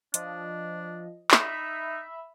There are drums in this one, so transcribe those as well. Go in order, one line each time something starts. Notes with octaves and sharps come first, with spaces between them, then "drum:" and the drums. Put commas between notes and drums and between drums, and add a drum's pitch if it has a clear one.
F3 D4 D#5, drum: hi-hat
D#4 E5 B5, drum: clap